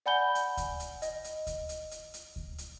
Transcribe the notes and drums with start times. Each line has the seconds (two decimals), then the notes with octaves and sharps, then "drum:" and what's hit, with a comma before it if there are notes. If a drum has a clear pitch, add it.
0.06 D5 F#5 G#5 B5 G6 G7
0.35 drum: hi-hat
0.57 drum: kick D2, hi-hat
0.80 drum: hi-hat
1.02 D#5, drum: hi-hat
1.24 drum: hi-hat
1.47 drum: kick D2, hi-hat
1.69 drum: hi-hat
1.91 drum: hi-hat
2.14 drum: hi-hat
2.36 drum: kick D2
2.58 drum: hi-hat